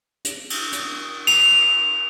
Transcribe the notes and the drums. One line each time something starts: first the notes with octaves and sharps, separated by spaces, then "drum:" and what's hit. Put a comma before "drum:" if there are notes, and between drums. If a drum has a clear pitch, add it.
drum: hi-hat
drum: cymbal
drum: hi-hat
F7, drum: cymbal